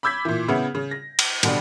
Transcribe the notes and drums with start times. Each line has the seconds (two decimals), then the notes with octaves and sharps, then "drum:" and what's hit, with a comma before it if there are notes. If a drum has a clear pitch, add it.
0.03 B5 D6 E6 G6 G#6 B6
0.25 A#2 E3
0.48 C#3 B3 E4
0.75 C#3
0.91 A#6
1.19 drum: cymbal
1.43 B2 D3 G3, drum: cymbal